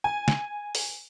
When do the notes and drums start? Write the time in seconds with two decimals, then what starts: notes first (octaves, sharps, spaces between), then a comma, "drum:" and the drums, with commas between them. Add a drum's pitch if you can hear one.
0.04 G#5
0.28 drum: snare
0.75 drum: open hi-hat